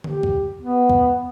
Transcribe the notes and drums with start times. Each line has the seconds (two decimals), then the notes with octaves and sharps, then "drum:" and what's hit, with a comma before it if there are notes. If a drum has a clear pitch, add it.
0.04 G4, drum: tom D3
0.23 drum: kick C#2
0.62 B3
0.89 drum: kick C#2